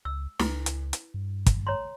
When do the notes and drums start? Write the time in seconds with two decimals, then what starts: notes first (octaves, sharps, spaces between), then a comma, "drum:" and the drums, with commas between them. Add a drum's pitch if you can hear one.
0.05 C#2 E6
0.39 C#2 E4 B4, drum: snare
0.66 drum: hi-hat
0.93 drum: hi-hat
1.14 G2
1.46 drum: kick, hi-hat
1.67 C#5 A#5 C6